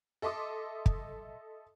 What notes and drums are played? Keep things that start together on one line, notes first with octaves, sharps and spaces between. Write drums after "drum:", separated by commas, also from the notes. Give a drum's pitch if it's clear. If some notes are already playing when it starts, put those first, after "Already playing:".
A4 D#5 E5 C6 D6 D#6
drum: kick